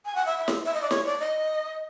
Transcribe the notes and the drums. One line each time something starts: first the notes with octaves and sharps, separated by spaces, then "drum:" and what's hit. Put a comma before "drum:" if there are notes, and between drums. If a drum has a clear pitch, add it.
G#5
F#5
E5
E5
drum: snare
E5
D#5
D5
C#5, drum: snare
D5
D#5